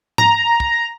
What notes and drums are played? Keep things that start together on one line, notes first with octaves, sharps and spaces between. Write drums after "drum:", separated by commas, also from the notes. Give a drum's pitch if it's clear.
A#5, drum: tom G#2
drum: kick